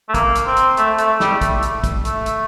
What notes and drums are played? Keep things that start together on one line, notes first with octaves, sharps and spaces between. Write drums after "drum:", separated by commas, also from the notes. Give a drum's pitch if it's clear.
A3
A#3, drum: kick, hi-hat
drum: hi-hat
C4
drum: hi-hat
A3, drum: hi-hat
A3, drum: hi-hat
G3, drum: snare
A3, drum: kick, hi-hat
drum: hi-hat
drum: kick, hi-hat
A3, drum: hi-hat
drum: hi-hat